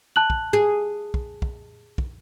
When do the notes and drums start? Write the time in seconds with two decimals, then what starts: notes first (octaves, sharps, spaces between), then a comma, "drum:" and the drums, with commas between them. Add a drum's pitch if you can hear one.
0.16 A5 F#6 F#7
0.30 drum: kick
0.53 G#4
1.14 drum: kick
1.42 drum: kick
1.98 drum: kick